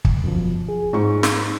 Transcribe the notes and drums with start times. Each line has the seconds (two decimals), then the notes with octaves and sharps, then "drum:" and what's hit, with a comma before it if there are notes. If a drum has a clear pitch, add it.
0.05 drum: kick
0.24 F#2 B2 F3
0.69 G#4
0.93 G#2 C#6
1.23 drum: snare